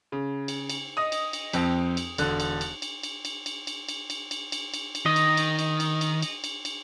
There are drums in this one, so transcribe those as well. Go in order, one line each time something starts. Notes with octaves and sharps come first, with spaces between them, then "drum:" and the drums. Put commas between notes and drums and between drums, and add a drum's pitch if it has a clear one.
C#3
drum: cymbal
drum: cymbal
D#5 D#6
drum: cymbal
drum: cymbal
F2 C4, drum: cymbal
drum: cymbal
E1 D3 F#6, drum: cymbal
drum: cymbal
drum: cymbal
drum: cymbal
drum: cymbal
drum: cymbal
drum: cymbal
drum: cymbal
drum: cymbal
drum: cymbal
drum: cymbal
drum: cymbal
drum: cymbal
drum: cymbal
D#3 D#5
drum: cymbal
drum: cymbal
drum: cymbal
drum: cymbal
drum: cymbal
drum: cymbal
drum: cymbal
drum: cymbal